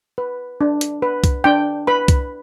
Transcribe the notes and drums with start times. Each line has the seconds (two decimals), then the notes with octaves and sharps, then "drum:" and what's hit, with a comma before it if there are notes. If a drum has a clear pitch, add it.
0.18 B4
0.61 D4
0.81 drum: hi-hat
1.02 B4
1.24 drum: kick C2, hi-hat
1.44 D4 G5
1.87 B4 B5
2.08 drum: kick C2, hi-hat